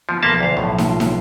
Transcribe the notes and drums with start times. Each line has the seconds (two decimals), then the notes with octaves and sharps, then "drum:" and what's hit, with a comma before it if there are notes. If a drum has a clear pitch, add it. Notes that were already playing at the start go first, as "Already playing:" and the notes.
0.09 F3 B3
0.23 B1 F3 A#3 B4 E5 A5
0.40 D2 F5
0.57 B1 A2
0.78 drum: snare
0.89 F4
1.00 drum: snare